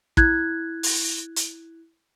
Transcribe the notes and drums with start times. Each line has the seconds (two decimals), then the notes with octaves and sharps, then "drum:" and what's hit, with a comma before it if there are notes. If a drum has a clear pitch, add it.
0.17 E4 F#6 G#6, drum: kick
0.83 drum: open hi-hat
1.36 drum: hi-hat